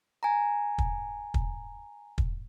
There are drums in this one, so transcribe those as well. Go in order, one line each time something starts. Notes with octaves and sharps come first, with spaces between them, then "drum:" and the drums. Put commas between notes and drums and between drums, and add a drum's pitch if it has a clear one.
G#5 A#5
drum: kick
drum: kick
drum: kick